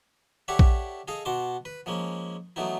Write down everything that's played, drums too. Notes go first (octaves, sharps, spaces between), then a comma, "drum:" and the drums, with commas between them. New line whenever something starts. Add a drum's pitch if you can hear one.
G4 A4 C#5 D5 E5 F#5
drum: kick A#1
G#4 A4 D#5 F5
B2 F#4 A5 C6 D6
B4
F3 G#3 A#3 C#4
E3 F#3 A3 B3 D#4 E4